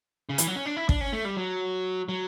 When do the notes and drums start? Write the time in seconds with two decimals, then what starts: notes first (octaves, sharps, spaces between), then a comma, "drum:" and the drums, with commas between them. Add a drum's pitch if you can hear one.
0.29 C#3
0.38 E3, drum: hi-hat
0.47 F#3
0.56 C#4
0.65 D4
0.77 E4
0.89 D4, drum: kick
1.01 C#4
1.13 A3
1.25 G3
1.37 F#3
2.09 F#3